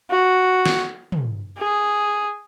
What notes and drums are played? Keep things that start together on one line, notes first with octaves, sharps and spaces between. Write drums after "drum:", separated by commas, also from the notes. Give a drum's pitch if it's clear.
F#4
drum: snare
drum: tom
G#4